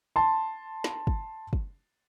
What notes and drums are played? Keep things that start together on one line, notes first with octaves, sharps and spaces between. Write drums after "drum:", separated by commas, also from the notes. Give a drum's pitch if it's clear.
A5 C6
drum: snare
drum: kick
drum: kick